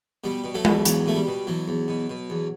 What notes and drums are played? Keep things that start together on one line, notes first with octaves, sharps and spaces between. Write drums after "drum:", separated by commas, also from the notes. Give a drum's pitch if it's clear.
B2 G3
B2
F#3 A3
E2, drum: tom G#3
E2 F#3, drum: hi-hat
B2 A3
G3
B2
E2 F#3
E2
B2
B2
E2